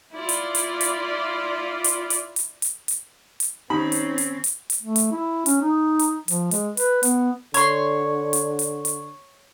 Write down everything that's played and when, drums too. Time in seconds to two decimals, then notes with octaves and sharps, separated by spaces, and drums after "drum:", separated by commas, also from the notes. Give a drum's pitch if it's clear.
0.13 E4 F4 D5
0.29 drum: hi-hat
0.55 drum: hi-hat
0.81 drum: hi-hat
1.84 drum: hi-hat
2.10 drum: hi-hat
2.36 drum: hi-hat
2.62 drum: hi-hat
2.88 drum: hi-hat
3.40 drum: hi-hat
3.70 D#3 C4 C#4 D#4 G4 B5
3.92 drum: hi-hat
4.18 drum: hi-hat
4.44 drum: hi-hat
4.70 drum: hi-hat
4.82 A3
4.96 drum: hi-hat
5.12 E4
5.46 C#4, drum: hi-hat
5.61 D#4
5.99 drum: hi-hat
6.28 F3, drum: hi-hat
6.51 G#3, drum: hi-hat
6.77 B4, drum: hi-hat
7.03 B3, drum: hi-hat
7.54 D3 C#5 C6, drum: hi-hat
8.33 drum: hi-hat
8.59 drum: hi-hat
8.85 drum: hi-hat